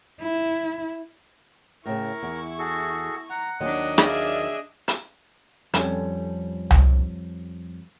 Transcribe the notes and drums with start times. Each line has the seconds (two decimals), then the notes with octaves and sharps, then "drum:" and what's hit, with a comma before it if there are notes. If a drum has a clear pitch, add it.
0.20 E4
1.86 A2 C#3 E4 A#4 C#6
2.23 E2
2.59 F#4 G#4 A4
3.30 F#5 A#5
3.60 D#2 D#3 F#3 D4 D#5
3.98 G#4 D5 E5 F5, drum: rim click
4.88 drum: hi-hat
5.74 F2 G3 C#4 A4, drum: hi-hat
6.71 drum: tom C2